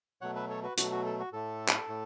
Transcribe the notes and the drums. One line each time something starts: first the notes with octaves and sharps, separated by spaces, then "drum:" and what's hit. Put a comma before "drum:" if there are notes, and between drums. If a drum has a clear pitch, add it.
B2 F#3 A3 C#5 F#5
B4 E5
A4 C#5
F#4 B4
B2 F#3 A3 F#4, drum: hi-hat
F#4
A4
F#4
A2 A3 A4
drum: clap
A2 A3